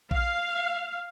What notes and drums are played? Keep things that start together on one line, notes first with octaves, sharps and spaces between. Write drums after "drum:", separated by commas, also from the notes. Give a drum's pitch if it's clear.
F5, drum: kick A#1